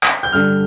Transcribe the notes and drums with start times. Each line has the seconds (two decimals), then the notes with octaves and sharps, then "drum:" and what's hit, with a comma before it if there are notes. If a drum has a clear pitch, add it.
0.03 drum: clap
0.23 G6
0.32 G2 D3 G3 F6